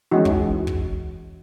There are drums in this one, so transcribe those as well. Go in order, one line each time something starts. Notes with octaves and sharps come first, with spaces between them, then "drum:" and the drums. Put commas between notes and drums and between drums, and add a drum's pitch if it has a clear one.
E3 G#3 C#4 D#4 F#4
drum: kick
drum: kick